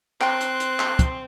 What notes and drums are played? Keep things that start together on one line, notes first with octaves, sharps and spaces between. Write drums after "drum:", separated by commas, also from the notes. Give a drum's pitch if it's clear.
C4 G5 C6 F#6, drum: clap
drum: hi-hat
drum: hi-hat
drum: clap
drum: kick, hi-hat